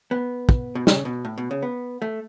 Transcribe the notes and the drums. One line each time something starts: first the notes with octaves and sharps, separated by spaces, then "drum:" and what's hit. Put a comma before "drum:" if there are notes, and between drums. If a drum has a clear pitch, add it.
B3
drum: kick
B2
C#3, drum: snare
B2
A2
B2
C#3
B3
A3